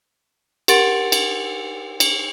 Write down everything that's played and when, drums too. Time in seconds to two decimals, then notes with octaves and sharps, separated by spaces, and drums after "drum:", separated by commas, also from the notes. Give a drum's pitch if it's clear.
0.68 G4 A#4 F#5 C6 A6 D7, drum: cymbal
1.12 drum: cymbal
2.00 drum: cymbal